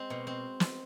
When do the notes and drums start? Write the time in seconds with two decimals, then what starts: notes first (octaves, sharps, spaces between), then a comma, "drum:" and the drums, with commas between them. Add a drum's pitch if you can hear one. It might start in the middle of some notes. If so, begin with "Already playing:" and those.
Already playing: G#3 C4
0.10 B2
0.27 C4
0.60 drum: snare